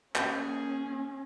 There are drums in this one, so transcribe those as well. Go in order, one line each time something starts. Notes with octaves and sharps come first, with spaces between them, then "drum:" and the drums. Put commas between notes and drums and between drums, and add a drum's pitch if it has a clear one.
A#3 C#4 G#4 G6, drum: clap